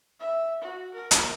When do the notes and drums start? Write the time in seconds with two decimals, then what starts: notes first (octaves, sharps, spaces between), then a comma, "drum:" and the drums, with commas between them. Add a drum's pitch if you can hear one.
0.20 E5
0.61 F#4
0.94 A#4
1.11 drum: hi-hat